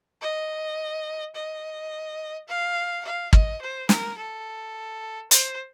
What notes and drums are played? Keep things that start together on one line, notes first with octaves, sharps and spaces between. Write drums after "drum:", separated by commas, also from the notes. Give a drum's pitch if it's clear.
D#5
D#5
F5
F5
D#5, drum: kick
C5
A#4, drum: snare
A4
C5, drum: hi-hat